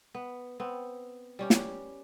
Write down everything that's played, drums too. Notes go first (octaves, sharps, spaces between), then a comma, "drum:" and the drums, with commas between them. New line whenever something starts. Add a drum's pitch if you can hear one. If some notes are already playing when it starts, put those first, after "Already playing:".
B3
B3 C4
G3 C#4 G4
drum: snare